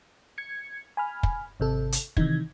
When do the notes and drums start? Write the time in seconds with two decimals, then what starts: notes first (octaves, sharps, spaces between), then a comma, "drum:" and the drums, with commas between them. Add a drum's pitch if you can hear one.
0.38 G#6 C#7
0.97 G#5 B5 F6
1.23 drum: kick
1.60 G#1 C3 A4
1.92 drum: hi-hat
2.17 C3 D#3 E3 D#4 G#6, drum: kick